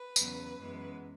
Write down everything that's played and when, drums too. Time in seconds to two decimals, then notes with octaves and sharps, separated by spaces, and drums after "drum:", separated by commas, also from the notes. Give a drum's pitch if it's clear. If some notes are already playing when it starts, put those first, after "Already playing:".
Already playing: B4
0.16 E2 C#3 F#3 B3, drum: tambourine
0.58 F#2 E3 G#3 B3